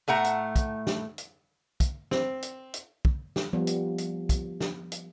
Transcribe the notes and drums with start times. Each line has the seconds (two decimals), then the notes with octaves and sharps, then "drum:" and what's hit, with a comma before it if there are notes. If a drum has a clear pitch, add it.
0.08 A2 A3 F#5 A#5
0.24 drum: hi-hat
0.56 drum: kick, hi-hat
0.87 drum: snare
1.18 drum: hi-hat
1.80 drum: kick, hi-hat
2.11 C4, drum: snare
2.42 drum: hi-hat
2.74 drum: hi-hat
3.05 drum: kick
3.36 drum: snare
3.53 F3 G3 B3
3.67 drum: hi-hat
3.98 drum: hi-hat
4.29 drum: kick, hi-hat
4.61 drum: snare
4.92 drum: hi-hat